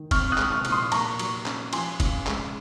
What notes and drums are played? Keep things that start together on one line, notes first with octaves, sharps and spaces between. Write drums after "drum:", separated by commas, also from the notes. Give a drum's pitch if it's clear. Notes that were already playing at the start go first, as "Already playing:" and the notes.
Already playing: D#3
C4 C#6 F6, drum: kick, cymbal
D#6 F#6
G#3, drum: clap
C#6 F6
A#2, drum: cymbal
C6 D#6
A#3 A#5 C#6, drum: cymbal
F#3, drum: cymbal
C#4, drum: clap
F3 G#5 C6, drum: cymbal
C#3, drum: kick, cymbal
G#3, drum: clap